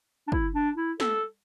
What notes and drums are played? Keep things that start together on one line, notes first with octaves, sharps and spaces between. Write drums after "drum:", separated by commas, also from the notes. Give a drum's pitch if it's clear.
D4
E4, drum: kick
D4
E4
A4, drum: snare